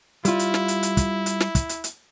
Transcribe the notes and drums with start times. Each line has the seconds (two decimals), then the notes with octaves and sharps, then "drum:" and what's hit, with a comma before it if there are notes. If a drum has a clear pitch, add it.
0.25 G3 E4 F4, drum: hi-hat
0.39 drum: hi-hat
0.54 drum: snare
0.68 drum: hi-hat
0.83 drum: hi-hat
0.97 drum: kick, hi-hat
1.26 drum: hi-hat
1.40 drum: snare
1.55 drum: kick, hi-hat
1.69 drum: hi-hat
1.84 drum: hi-hat